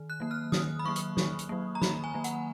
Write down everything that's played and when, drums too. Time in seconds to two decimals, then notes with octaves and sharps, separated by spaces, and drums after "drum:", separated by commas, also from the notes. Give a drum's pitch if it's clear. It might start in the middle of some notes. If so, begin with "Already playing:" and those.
Already playing: D#3
0.10 F#6
0.20 F#3 A#3
0.31 F6
0.52 D#3 D#6, drum: snare
0.79 B5
0.85 F#3 A#3 C#6
0.96 drum: hi-hat
1.17 D#3, drum: snare
1.39 drum: hi-hat
1.49 F#3 A#3
1.75 A#5
1.82 D#3 B5, drum: snare
2.04 G#5
2.14 F#3 A#3
2.24 F#5, drum: hi-hat